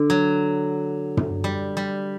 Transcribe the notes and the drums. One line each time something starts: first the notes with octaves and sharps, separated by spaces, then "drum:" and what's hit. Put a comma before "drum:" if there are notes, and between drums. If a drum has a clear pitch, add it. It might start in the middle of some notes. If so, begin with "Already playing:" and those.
Already playing: D3
F#3
drum: tom
G3
G3